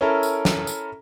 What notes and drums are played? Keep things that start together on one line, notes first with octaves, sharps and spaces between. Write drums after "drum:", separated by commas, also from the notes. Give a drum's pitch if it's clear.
C#4 E4 A4 A#4
drum: tambourine
drum: snare
drum: tambourine